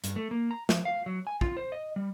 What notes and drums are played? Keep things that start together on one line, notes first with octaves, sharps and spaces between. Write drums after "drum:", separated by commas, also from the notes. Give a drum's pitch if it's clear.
G2, drum: hi-hat
A3
A#3
A#5
F3, drum: snare
F5
F#3
G#5
F4, drum: kick
C5
D#5
G3